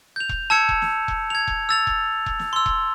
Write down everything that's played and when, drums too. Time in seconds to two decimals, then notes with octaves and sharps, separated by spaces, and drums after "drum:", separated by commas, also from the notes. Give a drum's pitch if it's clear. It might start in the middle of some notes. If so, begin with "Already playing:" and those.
0.16 G6 F7
0.29 drum: kick E1
0.50 A5 E6 G#6 C#7
0.69 drum: kick E1
0.82 drum: snare
1.08 drum: kick E1
1.30 G#6 F7
1.47 drum: kick E1
1.69 E6 A6 F7
1.87 drum: kick E1
2.26 drum: kick E1
2.39 drum: snare
2.53 C6 E6
2.66 drum: kick E1